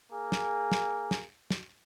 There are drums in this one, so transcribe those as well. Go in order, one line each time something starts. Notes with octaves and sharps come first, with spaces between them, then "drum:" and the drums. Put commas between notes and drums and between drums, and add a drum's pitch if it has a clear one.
A#3 G#4
drum: snare
drum: snare
drum: snare
drum: snare